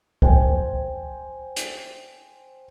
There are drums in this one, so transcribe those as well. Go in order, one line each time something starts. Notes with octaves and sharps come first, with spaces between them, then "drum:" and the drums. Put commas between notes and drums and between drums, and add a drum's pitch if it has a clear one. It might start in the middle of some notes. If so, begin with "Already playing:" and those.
C5 G5 G#5, drum: kick
drum: hi-hat